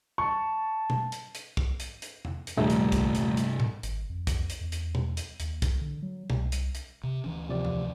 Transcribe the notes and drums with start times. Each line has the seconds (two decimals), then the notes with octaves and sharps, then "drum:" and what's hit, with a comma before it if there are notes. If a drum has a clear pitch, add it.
0.18 A5 C#6
0.90 drum: tom B2
1.12 drum: hi-hat
1.35 drum: hi-hat
1.57 drum: kick
1.80 drum: hi-hat
2.02 drum: hi-hat
2.25 drum: tom E2
2.47 drum: hi-hat
2.57 D#1 C2 G2 A3
2.70 drum: hi-hat
2.92 drum: kick, hi-hat
3.15 drum: hi-hat
3.37 drum: hi-hat
3.60 drum: tom A2
3.83 G#1, drum: hi-hat
4.10 F2
4.27 drum: kick, hi-hat
4.50 drum: hi-hat
4.61 E2
4.72 drum: hi-hat
4.95 drum: tom B2
5.17 drum: hi-hat
5.40 D#2, drum: hi-hat
5.62 drum: kick, hi-hat
5.81 D3
6.02 F#3
6.30 C2, drum: tom B2
6.52 drum: hi-hat
6.75 drum: hi-hat
7.04 C3
7.24 D2 E3 C#4
7.49 C3 F3 D5
7.65 drum: tom E2